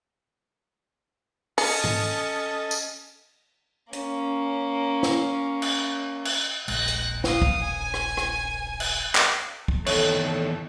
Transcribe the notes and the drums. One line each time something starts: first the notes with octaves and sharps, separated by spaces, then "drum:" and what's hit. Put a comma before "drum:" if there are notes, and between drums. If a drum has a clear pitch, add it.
C#4 G#4 A4 D#5 C#7, drum: open hi-hat
drum: tom G#2
drum: tambourine
A#3 C#4, drum: hi-hat
drum: snare
drum: cymbal
drum: cymbal
D#1 A#1 G#3 F#6 A#6, drum: cymbal
drum: hi-hat
F5 D#6, drum: snare
drum: kick
G#5
drum: rim click
drum: rim click
drum: cymbal
drum: clap
drum: kick
E2 D#3 A4 C#5, drum: cymbal